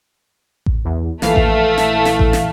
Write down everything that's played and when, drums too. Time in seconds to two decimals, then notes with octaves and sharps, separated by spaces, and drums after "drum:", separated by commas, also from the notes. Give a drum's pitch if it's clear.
0.66 drum: kick A1
0.85 E2
1.22 A#1 E3 A3 F5, drum: snare
1.36 drum: kick A1
1.78 drum: snare
2.05 drum: snare
2.19 drum: kick A1
2.33 drum: snare